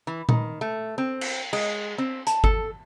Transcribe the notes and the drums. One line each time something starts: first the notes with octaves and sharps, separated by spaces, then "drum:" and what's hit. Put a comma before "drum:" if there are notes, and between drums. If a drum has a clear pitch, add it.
E3
D#3, drum: tom A#2
A3
C4
drum: cymbal
G#3, drum: cymbal
C4
A5, drum: hi-hat
A4, drum: kick G1